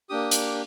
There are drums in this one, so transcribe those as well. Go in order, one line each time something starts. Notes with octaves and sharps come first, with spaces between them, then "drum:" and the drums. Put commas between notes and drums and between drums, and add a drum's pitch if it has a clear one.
A#3 D4 G4 D#6
D6, drum: hi-hat